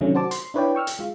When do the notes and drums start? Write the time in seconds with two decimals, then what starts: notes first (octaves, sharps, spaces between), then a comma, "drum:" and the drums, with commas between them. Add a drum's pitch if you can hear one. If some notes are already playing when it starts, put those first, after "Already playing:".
0.01 C3 D#3 F#3 A3 C#4 D4
0.15 F#4 C5 A5 D6
0.31 C6, drum: hi-hat
0.54 D4 E4 B4 C#5 D5 G5
0.75 G5 C#6 E6 F6
0.87 drum: hi-hat
0.99 G#3 F4